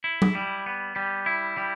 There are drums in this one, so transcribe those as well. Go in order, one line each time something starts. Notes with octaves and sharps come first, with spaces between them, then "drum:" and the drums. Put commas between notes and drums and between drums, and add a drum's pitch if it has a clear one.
E4
drum: tom F#3
G3
B3
G3
E4
G3